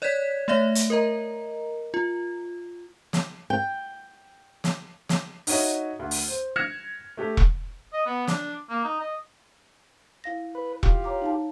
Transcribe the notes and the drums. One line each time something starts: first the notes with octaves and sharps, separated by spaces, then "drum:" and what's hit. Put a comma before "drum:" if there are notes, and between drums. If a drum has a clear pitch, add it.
C#5 D5 F#6 G#6 B6
A3 C#5 D5 E5 A#6
drum: hi-hat
A#4 D#5 A#5
F4
drum: snare
G5
drum: snare
drum: snare
D#4 F#4 C#5 D#5 E5, drum: open hi-hat
D2
drum: open hi-hat
C5
F6 F#6 G#6 A#6 C#7 E7
A3 G4 A4
drum: kick E1
D#5
B3
D4, drum: snare
A#3
D#4
D#5
E4 F5 A#6
B4
F4 G4, drum: kick E1
C#5 A#5 D6
D#4 F5 A5